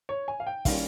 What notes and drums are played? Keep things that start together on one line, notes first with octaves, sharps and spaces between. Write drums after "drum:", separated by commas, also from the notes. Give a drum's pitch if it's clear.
C#5
G#5
F5
G5
D#3 G3 A#3 C#4 F5, drum: kick, open hi-hat